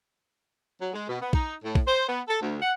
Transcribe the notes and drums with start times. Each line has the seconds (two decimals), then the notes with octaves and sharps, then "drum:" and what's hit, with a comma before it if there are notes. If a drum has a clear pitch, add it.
0.81 F#3
0.93 G#3
1.09 B2
1.21 B3
1.33 D#4, drum: kick
1.64 A2
1.75 drum: kick
1.86 C5
2.07 B3
2.28 A4
2.41 D2
2.61 F#5